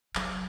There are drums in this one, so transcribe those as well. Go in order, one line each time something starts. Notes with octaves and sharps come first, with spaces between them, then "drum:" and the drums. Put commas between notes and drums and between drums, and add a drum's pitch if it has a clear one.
F#3, drum: clap